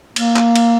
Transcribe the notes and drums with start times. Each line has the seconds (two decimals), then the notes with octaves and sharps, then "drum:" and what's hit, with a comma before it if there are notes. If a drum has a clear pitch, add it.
0.16 A#3, drum: cymbal
0.36 drum: clap
0.56 drum: cymbal